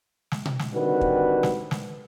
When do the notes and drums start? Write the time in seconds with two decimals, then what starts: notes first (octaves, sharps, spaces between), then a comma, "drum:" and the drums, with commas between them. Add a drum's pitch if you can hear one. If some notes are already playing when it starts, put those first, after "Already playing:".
0.32 drum: snare
0.45 drum: tom B2
0.59 drum: snare
0.73 D3 D#3 G3 C4 F#4 B4
1.01 drum: kick
1.43 drum: snare
1.71 drum: snare